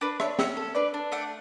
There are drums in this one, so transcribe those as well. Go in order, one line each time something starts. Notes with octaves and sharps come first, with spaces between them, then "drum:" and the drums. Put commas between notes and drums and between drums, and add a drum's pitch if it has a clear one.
D4 B4 D5
D4 C#5 E5, drum: rim click
C#4 C#5 E5, drum: snare
A4
D4 B4 D5
D4
A3 D5 F#5